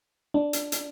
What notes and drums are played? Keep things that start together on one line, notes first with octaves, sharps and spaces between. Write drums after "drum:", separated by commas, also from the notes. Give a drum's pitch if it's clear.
D4
drum: hi-hat
drum: hi-hat